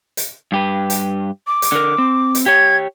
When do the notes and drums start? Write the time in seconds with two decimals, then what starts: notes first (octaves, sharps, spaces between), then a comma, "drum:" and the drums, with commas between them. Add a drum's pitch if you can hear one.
0.17 drum: hi-hat
0.52 G2 G4 B4
0.90 drum: hi-hat
1.47 D6
1.62 drum: hi-hat
1.72 D3 A#4
1.98 C4
2.35 drum: hi-hat
2.46 G4 C#5 G#6